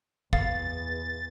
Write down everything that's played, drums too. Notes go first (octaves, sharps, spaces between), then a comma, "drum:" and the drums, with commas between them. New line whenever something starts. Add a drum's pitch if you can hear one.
E2 F5 A6, drum: kick